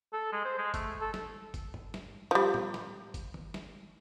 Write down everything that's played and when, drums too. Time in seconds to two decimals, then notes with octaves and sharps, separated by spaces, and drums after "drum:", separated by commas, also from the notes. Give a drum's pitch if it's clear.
0.13 A4
0.32 G#3
0.45 C5
0.58 G#3
0.74 A3, drum: kick G1, hi-hat
1.01 A4
1.14 drum: snare
1.54 drum: kick G1, hi-hat
1.74 drum: tom
1.94 drum: snare
2.31 F3 G3
2.54 drum: tom
2.74 drum: snare
3.14 drum: kick G1, hi-hat
3.34 drum: tom
3.54 drum: snare